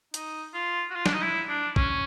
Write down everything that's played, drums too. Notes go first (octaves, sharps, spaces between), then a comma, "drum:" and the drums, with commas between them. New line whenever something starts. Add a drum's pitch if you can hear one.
D#4, drum: hi-hat
F4
F#4
F4
D4, drum: snare
D#4
E4
D4
C#4, drum: kick